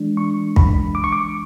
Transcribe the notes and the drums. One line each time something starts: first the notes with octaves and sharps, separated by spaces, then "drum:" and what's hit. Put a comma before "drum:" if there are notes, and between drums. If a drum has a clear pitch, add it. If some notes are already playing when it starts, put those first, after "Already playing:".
Already playing: E3 G#3 D4
C#6
B5, drum: kick
D6
C#6
D6